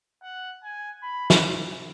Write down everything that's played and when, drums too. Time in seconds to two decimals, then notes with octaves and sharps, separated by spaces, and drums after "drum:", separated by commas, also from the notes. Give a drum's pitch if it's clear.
0.23 F#5
0.63 G#5
1.02 B5
1.30 drum: snare